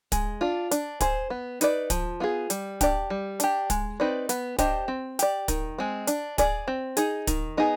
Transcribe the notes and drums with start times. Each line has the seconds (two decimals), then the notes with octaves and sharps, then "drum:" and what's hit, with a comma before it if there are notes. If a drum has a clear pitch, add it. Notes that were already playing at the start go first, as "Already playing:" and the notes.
0.12 G#3, drum: kick, hi-hat
0.41 D4 F4
0.71 D4, drum: hi-hat
1.00 G#4 C5, drum: kick, hi-hat
1.30 B3
1.61 D#4 B4 D5, drum: hi-hat
1.90 F3, drum: kick, hi-hat
2.20 B3 F4 G#4
2.50 G3, drum: hi-hat
2.81 D4 G4 D5, drum: kick, hi-hat
3.10 G3
3.40 D4 G4, drum: hi-hat
3.70 G#3, drum: kick, hi-hat
4.00 C4 D#4 B4 D5
4.29 B3, drum: hi-hat
4.58 D4 G4 C5 D#5, drum: kick, hi-hat
4.88 C4
5.19 G4 D5, drum: hi-hat
5.48 D#3, drum: kick, hi-hat
5.78 G#3 C4
6.07 D4, drum: hi-hat
6.38 G#4 D5, drum: kick, hi-hat
6.68 C4
6.97 D#4 G#4, drum: hi-hat
7.27 D#3, drum: kick, hi-hat
7.57 B3 D#4 G#4